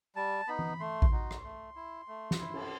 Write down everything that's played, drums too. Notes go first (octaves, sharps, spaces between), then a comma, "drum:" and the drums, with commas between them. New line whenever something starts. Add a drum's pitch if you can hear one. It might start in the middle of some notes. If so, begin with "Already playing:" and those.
G3 A5
B3 D#4 B5
drum: tom E3
A3 C6
drum: kick A1
D#4 F#4
drum: rim click
A3
E4
A3
drum: snare
E4
drum: cymbal